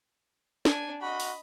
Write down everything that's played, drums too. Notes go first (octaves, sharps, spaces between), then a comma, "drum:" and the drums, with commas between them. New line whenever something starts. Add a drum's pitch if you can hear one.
D4 G#5, drum: snare
F#4 D#5 B5
drum: open hi-hat